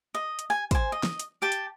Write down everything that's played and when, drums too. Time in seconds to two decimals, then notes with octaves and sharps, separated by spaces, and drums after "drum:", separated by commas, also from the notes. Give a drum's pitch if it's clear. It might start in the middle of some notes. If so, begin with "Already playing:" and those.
0.15 D#5
0.39 drum: hi-hat
0.50 G#5
0.71 C5 G#5, drum: kick, hi-hat
0.92 D#5
1.03 drum: snare
1.20 drum: hi-hat
1.42 G4 G5 A5
1.52 drum: hi-hat